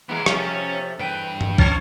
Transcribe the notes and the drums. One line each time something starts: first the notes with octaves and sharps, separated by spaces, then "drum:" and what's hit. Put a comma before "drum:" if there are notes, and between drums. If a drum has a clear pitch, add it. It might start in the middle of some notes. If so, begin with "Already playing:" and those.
E3 G#3 B3 A#4
C3 F3 A3 C#4, drum: rim click
E2 G2 B4 G5
drum: tom G2
E3 C#4 C#5, drum: kick